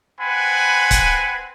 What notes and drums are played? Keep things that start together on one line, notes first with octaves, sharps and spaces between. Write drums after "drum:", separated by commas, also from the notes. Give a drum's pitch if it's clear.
C4 B4 F#5 G#5 B5
drum: kick C#1, hi-hat